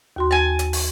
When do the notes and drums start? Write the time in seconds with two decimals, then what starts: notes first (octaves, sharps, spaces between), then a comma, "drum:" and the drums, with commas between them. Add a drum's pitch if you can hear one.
0.16 D#2 F#4 C6
0.31 G#5 A5
0.59 drum: hi-hat
0.73 drum: open hi-hat